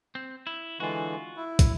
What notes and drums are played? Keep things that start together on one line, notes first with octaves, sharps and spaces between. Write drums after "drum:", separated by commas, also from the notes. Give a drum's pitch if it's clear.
C4
E4
D3 E3 G#3 F4 F#4
E4
drum: kick, hi-hat